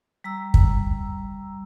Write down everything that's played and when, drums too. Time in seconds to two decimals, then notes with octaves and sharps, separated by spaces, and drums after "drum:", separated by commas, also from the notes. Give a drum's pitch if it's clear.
0.24 G3 A#5 E6
0.54 drum: kick